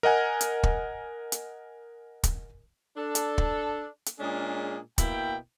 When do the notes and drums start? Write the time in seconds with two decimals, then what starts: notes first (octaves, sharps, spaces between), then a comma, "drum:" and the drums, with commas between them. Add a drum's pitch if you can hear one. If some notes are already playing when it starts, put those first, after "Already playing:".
0.03 A#4 D#5 F#5 G#5
0.41 drum: hi-hat
0.63 drum: kick
1.32 drum: hi-hat
2.23 drum: kick, hi-hat
2.97 D4 A4
3.15 drum: hi-hat
3.38 drum: kick
4.06 drum: hi-hat
4.19 A#2 G#3 C#4 D4 G#4
4.98 B2 A#3 E4 G5, drum: kick, hi-hat